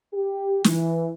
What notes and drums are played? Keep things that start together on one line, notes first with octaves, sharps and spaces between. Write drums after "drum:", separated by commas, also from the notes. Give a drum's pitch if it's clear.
G4
E3, drum: snare